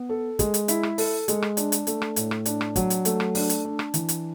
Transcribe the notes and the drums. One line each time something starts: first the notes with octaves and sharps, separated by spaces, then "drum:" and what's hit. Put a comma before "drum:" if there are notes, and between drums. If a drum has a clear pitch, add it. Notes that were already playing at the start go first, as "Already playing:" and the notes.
Already playing: B3
A4
G#3, drum: kick, hi-hat
drum: hi-hat
E4, drum: hi-hat
drum: rim click
A4, drum: open hi-hat
G#3, drum: hi-hat
drum: rim click
D4, drum: hi-hat
drum: hi-hat
A3, drum: hi-hat
drum: rim click
A2, drum: hi-hat
drum: rim click
D4, drum: hi-hat
drum: rim click
F#3, drum: kick, hi-hat
drum: hi-hat
A3, drum: hi-hat
drum: rim click
D4, drum: open hi-hat
drum: hi-hat
D4
drum: rim click
E3, drum: hi-hat
drum: hi-hat